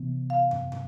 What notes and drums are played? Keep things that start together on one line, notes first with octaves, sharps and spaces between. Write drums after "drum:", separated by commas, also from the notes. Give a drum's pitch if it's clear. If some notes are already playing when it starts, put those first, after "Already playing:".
Already playing: C3 E3 B3
F5
drum: tom
drum: tom